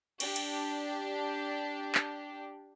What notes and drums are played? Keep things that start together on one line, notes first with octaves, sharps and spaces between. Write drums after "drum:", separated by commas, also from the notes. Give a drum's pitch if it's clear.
D4 G4, drum: cymbal
drum: cymbal
drum: clap